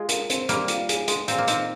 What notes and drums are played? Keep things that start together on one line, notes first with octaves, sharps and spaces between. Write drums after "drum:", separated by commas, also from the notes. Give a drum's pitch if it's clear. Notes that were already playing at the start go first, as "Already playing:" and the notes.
Already playing: G#3 F4
A#4, drum: hi-hat
C4, drum: hi-hat
G3 A#3, drum: hi-hat
F4, drum: hi-hat
G#4, drum: hi-hat
G#3, drum: hi-hat
A#2 C4, drum: hi-hat
A#3
C4 D#4, drum: hi-hat